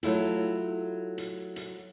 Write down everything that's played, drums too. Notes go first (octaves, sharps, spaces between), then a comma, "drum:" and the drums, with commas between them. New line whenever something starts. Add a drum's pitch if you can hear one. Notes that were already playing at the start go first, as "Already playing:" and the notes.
F#3 A3 E4 F4, drum: hi-hat
drum: hi-hat
drum: hi-hat